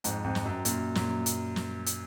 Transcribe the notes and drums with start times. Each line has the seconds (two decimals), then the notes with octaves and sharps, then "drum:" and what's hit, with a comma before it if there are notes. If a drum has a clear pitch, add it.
0.04 F2 G#2, drum: hi-hat
0.24 F2 G#2
0.35 drum: snare
0.45 F#2
0.65 F#2 A#2, drum: hi-hat
0.95 F#2 A#2, drum: snare
1.26 drum: hi-hat
1.56 drum: snare
1.86 drum: hi-hat